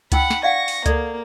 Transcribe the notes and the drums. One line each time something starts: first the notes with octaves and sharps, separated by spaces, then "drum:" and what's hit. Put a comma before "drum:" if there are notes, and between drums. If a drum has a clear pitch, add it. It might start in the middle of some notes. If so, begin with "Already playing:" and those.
D#4 F#5 G5 B5 E6, drum: kick C#2, hi-hat
drum: snare
D5 F5 F#5 C#6 A#6
drum: open hi-hat
A#3 A4 D5, drum: kick C#2, hi-hat